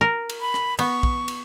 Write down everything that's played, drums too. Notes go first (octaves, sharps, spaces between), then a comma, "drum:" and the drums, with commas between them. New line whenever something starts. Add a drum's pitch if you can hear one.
A#4
drum: cymbal
B5
drum: rim click
B3 C#6, drum: cymbal
drum: kick
drum: cymbal